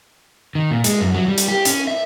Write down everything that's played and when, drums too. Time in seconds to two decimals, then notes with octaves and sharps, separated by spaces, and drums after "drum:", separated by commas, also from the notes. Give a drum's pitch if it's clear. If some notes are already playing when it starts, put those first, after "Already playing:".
0.55 D#3
0.71 A#2
0.84 G#3, drum: hi-hat
1.01 F#2
1.14 F#3
1.28 G3
1.38 drum: hi-hat
1.48 G4
1.65 C#4, drum: hi-hat
1.87 E5